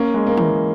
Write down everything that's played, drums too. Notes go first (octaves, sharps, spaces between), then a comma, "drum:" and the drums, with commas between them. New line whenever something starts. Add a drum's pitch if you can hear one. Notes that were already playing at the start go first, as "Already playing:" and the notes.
Already playing: A#3 C#4
G#3
A#3
E3, drum: tom